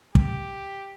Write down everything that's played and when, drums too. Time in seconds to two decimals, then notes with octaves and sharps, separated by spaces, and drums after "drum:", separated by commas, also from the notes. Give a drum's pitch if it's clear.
0.15 G4, drum: kick